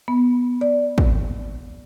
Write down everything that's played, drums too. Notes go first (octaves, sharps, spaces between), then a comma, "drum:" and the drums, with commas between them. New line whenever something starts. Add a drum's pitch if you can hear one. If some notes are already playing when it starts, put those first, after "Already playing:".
B3
D5
drum: kick